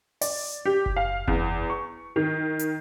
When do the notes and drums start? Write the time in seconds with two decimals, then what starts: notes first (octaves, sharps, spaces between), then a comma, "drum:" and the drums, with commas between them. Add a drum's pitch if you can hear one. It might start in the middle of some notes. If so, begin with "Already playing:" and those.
0.21 D5, drum: open hi-hat
0.65 G4
0.86 drum: kick F#1
0.96 F5
1.28 E2, drum: kick F#1
1.70 C#6
2.16 D#3
2.59 drum: hi-hat